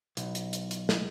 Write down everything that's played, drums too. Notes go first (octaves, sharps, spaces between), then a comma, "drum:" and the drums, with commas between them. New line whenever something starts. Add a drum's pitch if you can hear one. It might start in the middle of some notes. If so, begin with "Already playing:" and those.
B1, drum: hi-hat
drum: hi-hat
drum: hi-hat
drum: hi-hat
drum: snare